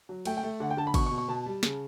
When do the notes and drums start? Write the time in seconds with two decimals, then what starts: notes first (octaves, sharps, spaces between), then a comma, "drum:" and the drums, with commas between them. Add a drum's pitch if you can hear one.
0.09 F#3
0.25 A3 G5, drum: cymbal
0.37 G5
0.43 A3
0.60 D3 F#5
0.70 G5
0.77 D3 A5
0.87 B5
0.94 B2 C#6, drum: kick, cymbal
1.06 C#6
1.11 B2
1.18 C#6
1.28 B2 A5
1.46 G3
1.63 C#3, drum: snare